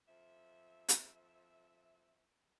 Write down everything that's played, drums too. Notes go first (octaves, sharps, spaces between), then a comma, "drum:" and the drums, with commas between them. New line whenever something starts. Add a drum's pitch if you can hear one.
F2 F3 E5
drum: hi-hat